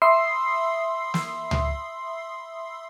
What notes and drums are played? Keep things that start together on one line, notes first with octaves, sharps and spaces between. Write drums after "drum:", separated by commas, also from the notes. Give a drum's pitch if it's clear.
E5 B5 C6 D#6 E6 C7
drum: snare
drum: tom C#2